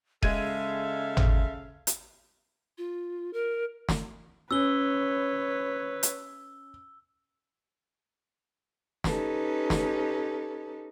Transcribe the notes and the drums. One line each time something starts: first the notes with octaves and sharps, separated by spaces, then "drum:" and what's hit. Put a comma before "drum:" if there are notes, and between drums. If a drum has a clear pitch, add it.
C#3 G#3 A4 E5 F5 G#6 D#7, drum: kick E1
drum: tom G#1
drum: hi-hat
F4
A#4
drum: snare
C#4 B4 C#5 E6 G7
drum: hi-hat
C#4 D#4 G4 A4 B4, drum: snare
drum: snare